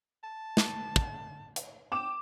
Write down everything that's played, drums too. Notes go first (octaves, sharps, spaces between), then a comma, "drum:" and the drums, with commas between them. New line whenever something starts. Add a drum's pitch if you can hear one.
A5
drum: snare
drum: kick
drum: hi-hat
G5 D6 E7